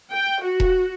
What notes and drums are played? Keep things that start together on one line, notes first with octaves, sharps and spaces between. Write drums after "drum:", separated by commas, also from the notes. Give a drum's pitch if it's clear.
G5
F#4
drum: kick E1